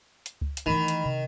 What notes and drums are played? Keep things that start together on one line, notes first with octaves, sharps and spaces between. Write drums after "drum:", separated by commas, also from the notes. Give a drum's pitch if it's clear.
drum: hi-hat
drum: kick C#2
drum: hi-hat
D#3 E3 A3 B5
drum: hi-hat
C3